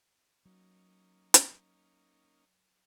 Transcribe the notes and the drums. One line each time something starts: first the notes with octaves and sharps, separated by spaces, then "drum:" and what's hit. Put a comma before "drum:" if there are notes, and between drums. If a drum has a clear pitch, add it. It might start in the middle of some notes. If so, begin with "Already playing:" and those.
F#3 A#3 C#4 D#4
drum: hi-hat